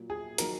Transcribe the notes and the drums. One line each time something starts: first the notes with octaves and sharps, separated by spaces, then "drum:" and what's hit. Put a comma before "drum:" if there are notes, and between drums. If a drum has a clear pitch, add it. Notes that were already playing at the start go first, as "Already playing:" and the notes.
Already playing: A#2 F#3 A#3
G#4
D#3 F#3 A#3 A#4, drum: hi-hat